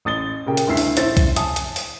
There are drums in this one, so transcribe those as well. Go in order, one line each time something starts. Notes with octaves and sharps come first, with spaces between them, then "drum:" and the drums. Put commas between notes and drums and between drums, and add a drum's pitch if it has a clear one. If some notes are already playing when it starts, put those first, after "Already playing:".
A1 D#6 A6 G7
A#2 C#3 A#3 G4 G5
drum: hi-hat
D2 G2 E4 E5 C7
drum: open hi-hat
A#1 C#4 E4 C5 A6, drum: hi-hat
drum: kick C2, hi-hat
G#5 A5 D#6, drum: hi-hat
drum: hi-hat
drum: open hi-hat